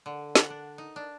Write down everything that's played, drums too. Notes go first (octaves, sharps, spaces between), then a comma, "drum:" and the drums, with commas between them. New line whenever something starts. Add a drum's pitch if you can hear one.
D3
F#5, drum: snare
D4
D#4
D4